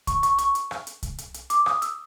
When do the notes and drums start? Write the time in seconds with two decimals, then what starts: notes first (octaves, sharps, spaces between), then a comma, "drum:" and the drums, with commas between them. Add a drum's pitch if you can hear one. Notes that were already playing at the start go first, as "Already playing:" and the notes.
0.07 C#6, drum: kick C2, hi-hat
0.23 C#6, drum: hi-hat
0.38 C#6, drum: hi-hat
0.55 drum: hi-hat
0.71 drum: rim click
0.87 drum: hi-hat
1.03 drum: kick C2, hi-hat
1.18 drum: hi-hat
1.34 drum: hi-hat
1.50 D6, drum: hi-hat
1.66 D#6, drum: rim click
1.82 E6, drum: hi-hat